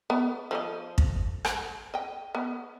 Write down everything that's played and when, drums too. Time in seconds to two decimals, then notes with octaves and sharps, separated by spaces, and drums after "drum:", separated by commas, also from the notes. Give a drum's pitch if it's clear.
0.10 B3
0.51 F3 A4 D#5
0.98 drum: kick
1.45 drum: rim click
1.94 D#5 G5
2.35 B3